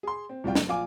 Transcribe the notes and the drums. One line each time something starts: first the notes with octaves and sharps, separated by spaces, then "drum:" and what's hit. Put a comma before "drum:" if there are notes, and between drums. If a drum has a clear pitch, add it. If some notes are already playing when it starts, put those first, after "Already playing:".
G#4 C6
C4
D1 C2 G3 F4 G5
F#1, drum: snare
A#1 F4 F5 G#5 D6